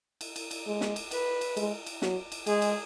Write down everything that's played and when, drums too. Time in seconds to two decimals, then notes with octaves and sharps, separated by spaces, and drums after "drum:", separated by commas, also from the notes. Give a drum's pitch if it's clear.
0.21 drum: cymbal
0.36 drum: cymbal
0.51 drum: cymbal
0.67 G#3
0.81 drum: snare
0.96 drum: cymbal
1.11 B4, drum: cymbal
1.41 drum: cymbal
1.57 G#3, drum: cymbal
1.86 drum: cymbal
2.02 F#3, drum: snare
2.32 drum: cymbal
2.47 G#3 G#4, drum: cymbal
2.62 drum: cymbal